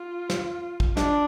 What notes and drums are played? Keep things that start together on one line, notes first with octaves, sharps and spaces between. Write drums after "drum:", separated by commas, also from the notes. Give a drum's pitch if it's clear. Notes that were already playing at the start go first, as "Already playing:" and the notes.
Already playing: F4
drum: snare
drum: kick
D4, drum: snare